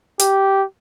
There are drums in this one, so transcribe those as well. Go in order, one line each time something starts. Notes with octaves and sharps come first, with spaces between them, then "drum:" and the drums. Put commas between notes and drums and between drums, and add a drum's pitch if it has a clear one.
G4, drum: hi-hat